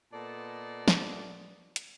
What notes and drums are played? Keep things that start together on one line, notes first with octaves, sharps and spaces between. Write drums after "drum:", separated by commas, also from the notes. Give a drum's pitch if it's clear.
A#2 B3 A4 D5 D#5 A5
drum: snare
drum: hi-hat